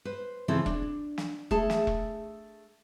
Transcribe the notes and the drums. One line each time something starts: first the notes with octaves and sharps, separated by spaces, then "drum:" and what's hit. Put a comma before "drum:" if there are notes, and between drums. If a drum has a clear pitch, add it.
B4 C5
C#3 E3 F3 C4 A4
D4, drum: kick E1
drum: snare
A3 G#4 A5, drum: kick E1
drum: snare
drum: kick E1